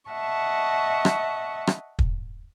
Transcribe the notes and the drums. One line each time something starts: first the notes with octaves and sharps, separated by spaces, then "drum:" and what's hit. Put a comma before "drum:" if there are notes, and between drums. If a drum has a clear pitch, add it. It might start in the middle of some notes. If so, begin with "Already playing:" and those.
D#5 E5 F#5 A5 C#6
drum: rim click
drum: rim click
drum: kick